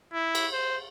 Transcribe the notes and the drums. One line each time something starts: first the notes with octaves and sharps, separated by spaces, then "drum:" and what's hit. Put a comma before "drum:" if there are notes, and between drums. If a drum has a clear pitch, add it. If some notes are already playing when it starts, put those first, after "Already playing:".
E4
drum: cymbal
C5